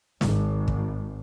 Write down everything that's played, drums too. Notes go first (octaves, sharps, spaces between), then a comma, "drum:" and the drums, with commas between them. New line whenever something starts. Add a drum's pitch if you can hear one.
G#1, drum: snare
drum: kick